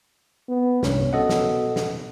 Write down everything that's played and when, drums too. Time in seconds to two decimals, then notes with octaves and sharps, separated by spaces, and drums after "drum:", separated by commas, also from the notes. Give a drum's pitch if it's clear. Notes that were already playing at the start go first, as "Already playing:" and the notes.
0.49 B3
0.83 C2 G2 C#4, drum: snare
1.13 B2 A4 D#5 F#5
1.29 drum: snare
1.76 drum: snare